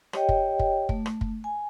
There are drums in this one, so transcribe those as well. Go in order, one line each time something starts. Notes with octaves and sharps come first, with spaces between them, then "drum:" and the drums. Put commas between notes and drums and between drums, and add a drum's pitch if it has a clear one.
G4 C#5 D#5 G5, drum: rim click
drum: kick
drum: kick
A3, drum: kick
drum: rim click
drum: kick
G#5